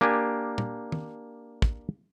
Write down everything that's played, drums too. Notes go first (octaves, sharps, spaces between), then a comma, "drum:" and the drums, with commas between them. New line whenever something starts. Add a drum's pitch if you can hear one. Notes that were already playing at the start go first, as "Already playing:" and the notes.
A#3 D4 G4 G#5
drum: tom
drum: tom
drum: kick